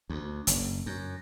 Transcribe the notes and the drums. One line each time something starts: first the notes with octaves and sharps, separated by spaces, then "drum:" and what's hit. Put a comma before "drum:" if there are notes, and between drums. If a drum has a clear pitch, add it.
D2
F#1, drum: hi-hat
F#2